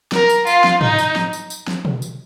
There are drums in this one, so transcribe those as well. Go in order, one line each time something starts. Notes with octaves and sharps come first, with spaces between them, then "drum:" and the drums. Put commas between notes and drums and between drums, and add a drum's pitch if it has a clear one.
A#4, drum: snare
drum: tambourine
F4, drum: tambourine
drum: snare
D#4, drum: tom
drum: tambourine
drum: snare
drum: tambourine
drum: tambourine
drum: snare
drum: tom
drum: tambourine